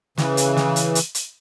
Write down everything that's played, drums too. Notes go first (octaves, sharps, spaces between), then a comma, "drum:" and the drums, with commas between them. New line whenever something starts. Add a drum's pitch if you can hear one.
C#3 E3, drum: snare
drum: hi-hat
drum: snare
drum: hi-hat
drum: hi-hat
drum: hi-hat